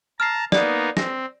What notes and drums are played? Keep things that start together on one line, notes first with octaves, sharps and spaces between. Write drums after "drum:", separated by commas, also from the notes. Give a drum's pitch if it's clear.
A5 A#5 F6 C7
A#3 B3 D#4 D5, drum: snare
C4 A#6, drum: snare